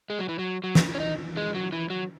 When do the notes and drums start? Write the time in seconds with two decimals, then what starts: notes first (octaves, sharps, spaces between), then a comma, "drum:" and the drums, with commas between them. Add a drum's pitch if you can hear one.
0.10 G#3
0.19 F#3
0.29 E3
0.39 F#3
0.64 F#3
0.75 drum: snare
0.95 C#4
1.00 D#4
1.37 G#3
1.55 F#3
1.72 E3
1.90 F#3